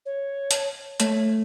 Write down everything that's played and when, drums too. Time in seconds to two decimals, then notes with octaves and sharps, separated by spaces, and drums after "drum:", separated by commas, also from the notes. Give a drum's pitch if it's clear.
0.06 C#5
0.51 drum: hi-hat
1.00 A3 C#5, drum: hi-hat